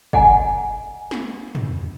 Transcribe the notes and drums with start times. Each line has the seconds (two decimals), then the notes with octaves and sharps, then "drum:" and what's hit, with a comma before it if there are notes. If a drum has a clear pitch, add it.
0.13 D#5 F#5 G#5 A#5, drum: kick
1.11 drum: snare
1.55 drum: tom